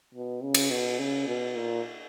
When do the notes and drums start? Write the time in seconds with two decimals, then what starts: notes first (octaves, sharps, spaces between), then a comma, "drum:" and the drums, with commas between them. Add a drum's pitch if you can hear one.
0.14 B2
0.43 C#3
0.54 drum: cymbal
0.71 B2
0.99 C#3
1.28 B2
1.56 A#2